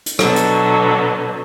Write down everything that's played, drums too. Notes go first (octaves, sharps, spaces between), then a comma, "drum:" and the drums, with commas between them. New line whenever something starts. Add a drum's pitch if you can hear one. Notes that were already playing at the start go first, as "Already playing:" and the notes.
drum: hi-hat
B2 D3 F#3 B3, drum: rim click
drum: hi-hat